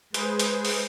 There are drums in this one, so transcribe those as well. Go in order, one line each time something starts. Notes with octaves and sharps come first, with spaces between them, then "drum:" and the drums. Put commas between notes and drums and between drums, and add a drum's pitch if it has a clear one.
G#3 G#4 B4 C5, drum: hi-hat
drum: hi-hat
drum: open hi-hat